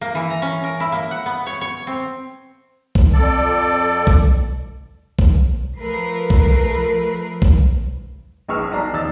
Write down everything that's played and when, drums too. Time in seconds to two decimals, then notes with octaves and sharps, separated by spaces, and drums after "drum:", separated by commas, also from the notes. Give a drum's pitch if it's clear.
0.01 A#3
0.15 E3
0.30 A#5
0.42 C#4
0.64 A#4
0.80 E4
0.92 A#3
1.11 F#5
1.26 B3
1.46 C#5
1.61 C#5
1.87 C4
2.95 drum: kick
3.13 F2 A4 D5
4.07 drum: kick
5.19 drum: kick
5.79 F3 A3 A#4 B4 C7
6.30 drum: kick
7.42 drum: kick
8.48 A#1 G#4 B4 C#6 E6 F6
8.72 B1 D5 A#5 C7
8.93 D#1 D#4 E6 A6